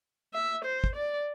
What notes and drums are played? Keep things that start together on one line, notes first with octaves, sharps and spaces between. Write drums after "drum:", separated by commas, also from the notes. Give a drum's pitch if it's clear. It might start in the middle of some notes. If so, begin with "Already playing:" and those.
E5
C5
drum: kick
D5